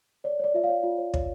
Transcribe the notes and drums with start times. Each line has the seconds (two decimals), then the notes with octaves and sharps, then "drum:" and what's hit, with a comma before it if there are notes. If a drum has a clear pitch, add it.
0.24 C#5 D5
0.40 C#5 D5
0.54 F4 E5
0.64 F5
0.69 C#5
0.83 F4
0.98 C#5
1.14 C#5, drum: kick